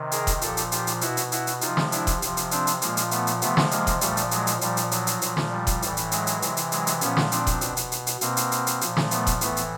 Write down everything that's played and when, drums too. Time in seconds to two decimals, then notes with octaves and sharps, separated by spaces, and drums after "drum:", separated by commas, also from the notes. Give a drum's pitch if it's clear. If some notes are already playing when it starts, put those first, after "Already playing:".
Already playing: C3 D#3
0.12 G#4 A#4, drum: hi-hat
0.27 drum: kick D#1, hi-hat
0.41 A#2 F3 G4 A4, drum: hi-hat
0.57 drum: hi-hat
0.72 F4 G4, drum: hi-hat
0.87 drum: hi-hat
1.01 B2 E4 F#4, drum: hi-hat
1.17 drum: hi-hat
1.32 E4 F#4, drum: hi-hat
1.47 drum: hi-hat
1.61 C3 F3 D#4 F4, drum: hi-hat
1.77 drum: snare
1.92 D4 E4, drum: hi-hat
2.07 drum: kick D#1, hi-hat
2.22 C3 F3, drum: hi-hat
2.37 drum: hi-hat
2.51 C4 D4, drum: hi-hat
2.67 drum: hi-hat
2.82 A#2 F3 G#3 A#3, drum: hi-hat
2.97 drum: hi-hat
3.11 A3 B3, drum: hi-hat
3.27 drum: hi-hat
3.42 C3 F3 A3 B3, drum: hi-hat
3.57 drum: snare
3.71 G#3 A#3, drum: hi-hat
3.87 drum: kick D#1, hi-hat
4.01 A#2 F3 G3 A3, drum: hi-hat
4.17 drum: hi-hat
4.31 F#3 G#3, drum: hi-hat
4.47 drum: hi-hat
4.61 A#2 F3 G3, drum: hi-hat
4.77 drum: hi-hat
4.91 F#3, drum: hi-hat
5.07 drum: hi-hat
5.22 A#2 F3, drum: hi-hat
5.37 drum: snare
5.51 G3
5.67 drum: kick D#1, hi-hat
5.82 A2 E3, drum: hi-hat
5.97 drum: hi-hat
6.11 F#3 G#3, drum: hi-hat
6.27 drum: hi-hat
6.42 C3 E3, drum: hi-hat
6.57 drum: hi-hat
6.72 F#3 G#3, drum: hi-hat
6.87 drum: hi-hat
7.01 A#2 F3 B3 C#4, drum: hi-hat
7.17 drum: snare
7.32 C4 D4, drum: hi-hat
7.47 drum: kick D#1, hi-hat
7.61 B2, drum: hi-hat
7.77 drum: hi-hat
7.92 drum: hi-hat
8.07 drum: hi-hat
8.21 B2 A#3 C4, drum: hi-hat
8.37 drum: hi-hat
8.52 drum: hi-hat
8.67 drum: hi-hat
8.81 A#2 F3, drum: hi-hat
8.97 drum: snare
9.11 A3 B3, drum: hi-hat
9.27 drum: kick D#1, hi-hat
9.41 A2 E3 A3 B3, drum: hi-hat
9.57 drum: hi-hat